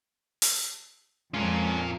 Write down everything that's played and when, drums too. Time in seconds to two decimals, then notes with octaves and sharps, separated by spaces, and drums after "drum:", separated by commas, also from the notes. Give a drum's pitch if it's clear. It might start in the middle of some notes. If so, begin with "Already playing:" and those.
0.42 drum: open hi-hat
1.34 F2 G#3 C#4 D4 F4 A#4